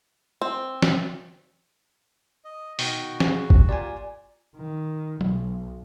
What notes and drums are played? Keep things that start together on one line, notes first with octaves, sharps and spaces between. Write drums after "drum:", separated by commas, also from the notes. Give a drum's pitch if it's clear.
C4
drum: snare
D#5
B2 D#3 F#4, drum: open hi-hat
C#3, drum: snare
drum: kick
A#2 G4 D5 G#5
D#3
B1, drum: tom F#3